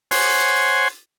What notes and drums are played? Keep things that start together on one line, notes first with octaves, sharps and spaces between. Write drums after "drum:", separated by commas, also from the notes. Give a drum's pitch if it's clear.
C5 C#5 F#5 G#5 C6, drum: open hi-hat